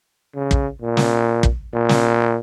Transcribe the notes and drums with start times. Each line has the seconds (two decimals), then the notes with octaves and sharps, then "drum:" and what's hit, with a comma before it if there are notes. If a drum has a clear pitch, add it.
0.36 C#3
0.51 drum: kick
0.82 A#2
0.97 drum: snare
1.43 drum: kick
1.74 A#2
1.89 drum: snare